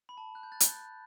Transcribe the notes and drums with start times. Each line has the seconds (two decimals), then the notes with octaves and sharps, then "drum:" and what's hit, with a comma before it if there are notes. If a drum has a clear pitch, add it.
0.09 B5
0.17 A5
0.35 F#6
0.43 G6
0.52 F#6 A6
0.60 G6, drum: hi-hat
0.69 F#6 A6